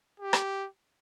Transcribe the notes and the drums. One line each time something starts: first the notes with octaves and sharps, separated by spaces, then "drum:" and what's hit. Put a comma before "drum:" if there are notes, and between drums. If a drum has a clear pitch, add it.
G4
drum: rim click